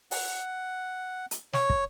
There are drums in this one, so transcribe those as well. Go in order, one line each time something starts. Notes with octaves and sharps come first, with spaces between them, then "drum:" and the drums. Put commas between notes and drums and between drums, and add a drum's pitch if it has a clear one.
F#5, drum: open hi-hat
drum: hi-hat
C#5, drum: snare
drum: kick